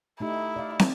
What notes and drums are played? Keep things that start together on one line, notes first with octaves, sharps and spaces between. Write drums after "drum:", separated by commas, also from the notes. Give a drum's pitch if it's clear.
A3 D#4 E4 G4
D5 F5
drum: snare